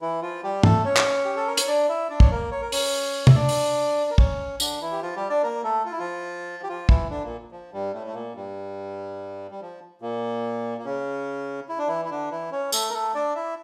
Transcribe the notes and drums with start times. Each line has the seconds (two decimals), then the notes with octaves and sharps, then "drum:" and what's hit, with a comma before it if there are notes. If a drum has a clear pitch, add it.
0.02 E3 E4
0.22 F3 F4
0.44 G3 G4
0.63 A3 A4, drum: tom
0.84 C#4 C#5
0.97 drum: clap
1.25 G4
1.36 A4
1.47 A#4
1.57 C#5, drum: hi-hat
1.68 D4 D5
1.89 E4 E5
2.10 D4 D5
2.20 C#5, drum: kick
2.31 A#3 A#4
2.51 C#5
2.61 A#4
2.72 C#4 C#5, drum: open hi-hat
3.27 E5, drum: tom
3.35 D4 D5
3.49 drum: open hi-hat
4.10 A#4
4.18 C#4 C#5, drum: kick
4.60 D3 D4, drum: tambourine
4.81 E3 E4
4.92 G4
5.02 F3 F4
5.16 G3 G4
5.29 D4 D5
5.43 A#3 A#4
5.64 A3 A4
5.85 F4
5.92 E4
5.99 F3 F4
6.63 G4
6.69 F3 F4
6.89 E3 E4, drum: kick
7.10 D3 D4
7.24 A#2 A#3
7.52 F3
7.73 G2 G3
7.94 A2 A3
8.07 A3
8.14 A#2 A#3
8.35 G2 G3
9.51 G3
9.61 F3
10.02 A#2 A#3
10.78 A#3
10.85 C#3 C#4
11.69 E4
11.79 D4
11.88 E3 E4
12.05 E4
12.10 D3 D4
12.31 E3 E4
12.52 C#4 C#5
12.72 A3 A4, drum: tambourine
12.89 A#4
12.93 A3 A4
13.15 D4 D5
13.36 E4 E5